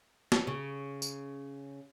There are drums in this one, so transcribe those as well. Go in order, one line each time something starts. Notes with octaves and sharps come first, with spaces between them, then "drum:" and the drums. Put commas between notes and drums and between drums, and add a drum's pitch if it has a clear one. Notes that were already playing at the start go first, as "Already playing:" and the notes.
drum: snare
C#3
drum: tambourine